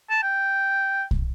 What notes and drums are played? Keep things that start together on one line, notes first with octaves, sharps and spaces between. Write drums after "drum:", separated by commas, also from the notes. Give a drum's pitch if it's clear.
A5
G5
drum: kick